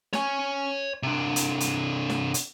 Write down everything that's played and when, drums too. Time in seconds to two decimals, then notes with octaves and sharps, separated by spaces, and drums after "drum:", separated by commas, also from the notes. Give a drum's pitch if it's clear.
0.13 C#5 G#5, drum: snare
1.03 C3 D4
1.36 drum: hi-hat
1.60 drum: hi-hat
2.10 drum: snare
2.34 drum: hi-hat